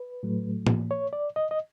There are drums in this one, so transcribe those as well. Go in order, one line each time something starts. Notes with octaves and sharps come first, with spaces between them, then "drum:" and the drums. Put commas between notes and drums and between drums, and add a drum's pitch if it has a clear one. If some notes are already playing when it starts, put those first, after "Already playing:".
Already playing: B4
A2 F#3 A3
drum: tom
C#5
D5
D#5
D#5